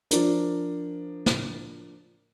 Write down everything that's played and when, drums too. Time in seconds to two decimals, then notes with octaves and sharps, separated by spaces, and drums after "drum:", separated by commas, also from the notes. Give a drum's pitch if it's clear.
0.11 F3 D4 A#4, drum: hi-hat
1.26 drum: snare